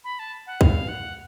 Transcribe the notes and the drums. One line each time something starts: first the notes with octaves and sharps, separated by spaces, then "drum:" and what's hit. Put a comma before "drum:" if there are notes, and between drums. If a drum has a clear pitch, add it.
B5
A5
F#5
F5, drum: kick
F#5